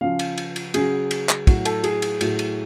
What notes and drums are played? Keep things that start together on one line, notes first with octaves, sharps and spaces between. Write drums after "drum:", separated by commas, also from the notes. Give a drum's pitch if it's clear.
C#3 F3 F5
drum: cymbal
drum: cymbal
drum: cymbal
C#3 F#3 G#4, drum: cymbal
drum: cymbal
drum: clap
A2 F#3 F#4, drum: kick, cymbal
A4, drum: cymbal
G#4, drum: cymbal
drum: cymbal
A2 F#3, drum: cymbal
drum: cymbal